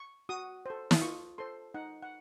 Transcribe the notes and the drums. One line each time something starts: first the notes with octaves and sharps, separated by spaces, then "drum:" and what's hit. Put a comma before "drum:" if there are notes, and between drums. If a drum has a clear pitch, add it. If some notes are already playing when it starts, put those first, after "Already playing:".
Already playing: C#6
F#4 D#6
A4 C5
D#6, drum: snare
F4 C#6
A4 C5 C6
D#4 F#5
F#5